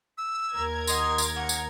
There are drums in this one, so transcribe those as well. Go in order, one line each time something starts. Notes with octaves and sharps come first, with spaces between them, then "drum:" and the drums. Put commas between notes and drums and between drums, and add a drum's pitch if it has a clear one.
E6
D#2 A#4 G#6
D#4 D#5 F#5 C6, drum: tambourine
drum: tambourine
A#3 C#4 F#5
drum: tambourine